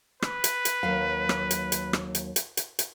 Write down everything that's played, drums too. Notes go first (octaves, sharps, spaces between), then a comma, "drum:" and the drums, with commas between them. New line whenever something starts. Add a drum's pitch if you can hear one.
B4, drum: rim click
drum: hi-hat
drum: hi-hat
D#2 F#3 F5
drum: rim click
drum: hi-hat
drum: hi-hat
drum: rim click
drum: hi-hat
drum: hi-hat
drum: hi-hat
drum: hi-hat